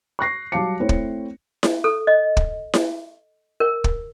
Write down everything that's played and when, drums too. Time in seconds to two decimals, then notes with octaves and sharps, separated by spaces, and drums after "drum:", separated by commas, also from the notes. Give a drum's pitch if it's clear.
0.19 C#6 F#6 A#6 C7
0.52 F#3 G3 F5 A5 D6 C#7
0.80 A3 C4 E4 C5 C#5
0.89 drum: kick
1.63 drum: snare E4
1.84 A4
2.07 D#5
2.37 drum: kick
2.74 drum: snare E4
3.60 A#4
3.84 drum: kick